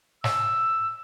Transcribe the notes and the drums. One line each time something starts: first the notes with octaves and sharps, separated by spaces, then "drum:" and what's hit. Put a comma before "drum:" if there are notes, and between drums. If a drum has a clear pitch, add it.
E6, drum: snare